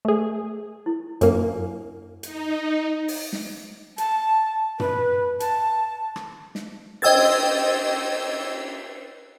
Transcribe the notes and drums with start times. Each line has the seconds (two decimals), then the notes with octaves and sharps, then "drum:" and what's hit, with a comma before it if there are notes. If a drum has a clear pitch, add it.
0.05 A3 G#4
0.86 E4
1.21 F#2 A#3 D4 F#5, drum: hi-hat
2.23 D#4, drum: hi-hat
3.08 drum: open hi-hat
3.33 drum: snare
3.98 A5, drum: hi-hat
4.80 B4, drum: tom
5.40 A5, drum: hi-hat
6.16 drum: rim click
6.55 drum: snare
7.02 C5 D#5 G5 E6 G#6 A6, drum: cymbal